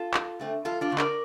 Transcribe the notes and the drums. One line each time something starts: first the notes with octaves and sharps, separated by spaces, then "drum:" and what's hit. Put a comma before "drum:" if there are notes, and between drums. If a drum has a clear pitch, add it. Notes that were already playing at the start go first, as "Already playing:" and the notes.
Already playing: F4 A4
F2, drum: clap
D3 A3 C4
F2 F4 A4
D4 F4
D3 A3 C4
A#4 D5, drum: clap